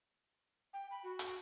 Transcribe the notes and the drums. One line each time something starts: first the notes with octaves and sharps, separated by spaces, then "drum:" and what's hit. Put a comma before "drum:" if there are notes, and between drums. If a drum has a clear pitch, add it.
G5
B5
F#4
drum: hi-hat